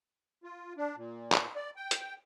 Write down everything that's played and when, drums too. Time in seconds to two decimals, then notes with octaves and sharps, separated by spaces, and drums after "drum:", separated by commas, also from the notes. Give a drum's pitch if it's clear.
0.44 F4
0.77 D4
0.96 A#2
1.32 drum: clap
1.56 D5
1.76 G5
1.91 drum: hi-hat